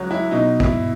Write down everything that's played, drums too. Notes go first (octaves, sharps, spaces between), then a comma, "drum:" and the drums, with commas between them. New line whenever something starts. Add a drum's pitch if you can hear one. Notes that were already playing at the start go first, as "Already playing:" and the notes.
Already playing: C#2 F#3
E4
B2 D#4
E4, drum: kick